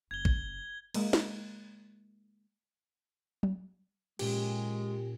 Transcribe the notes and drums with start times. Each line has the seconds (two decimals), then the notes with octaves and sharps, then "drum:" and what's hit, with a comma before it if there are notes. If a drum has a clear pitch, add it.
0.11 F#1 G#6 G7
0.25 drum: kick A1
0.94 G#3 A#3, drum: cymbal
1.13 drum: snare
3.43 drum: tom F#3
4.19 A#2 G#3 C#4 G4, drum: cymbal